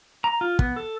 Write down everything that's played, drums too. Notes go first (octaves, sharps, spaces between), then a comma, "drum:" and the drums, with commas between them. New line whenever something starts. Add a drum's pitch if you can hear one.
A#5
F4
B3, drum: kick
A4